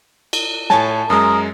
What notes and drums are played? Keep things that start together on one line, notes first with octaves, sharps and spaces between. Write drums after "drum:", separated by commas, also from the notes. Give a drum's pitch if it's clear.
drum: cymbal
A2 C#5 G#5 A5, drum: snare
F#2 G#3 A#4 D#6